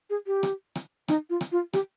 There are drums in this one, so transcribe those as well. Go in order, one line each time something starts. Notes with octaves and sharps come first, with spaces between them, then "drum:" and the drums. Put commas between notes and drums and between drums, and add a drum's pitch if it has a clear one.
G#4
G4
drum: rim click
drum: rim click
D#4, drum: rim click
F4
drum: rim click
F4
G4, drum: rim click